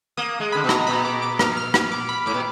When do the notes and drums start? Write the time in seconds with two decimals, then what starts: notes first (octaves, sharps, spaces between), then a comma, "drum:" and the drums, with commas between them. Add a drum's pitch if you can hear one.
0.17 A#3 D#6
0.40 G#3
0.52 D3 B5
0.64 B2
0.69 A#5, drum: rim click
0.87 A#2 B5
1.05 D6
1.22 D6
1.39 F6, drum: rim click
1.57 F6
1.74 drum: rim click
1.92 D6
2.09 B5
2.26 G#2 D6
2.34 A#2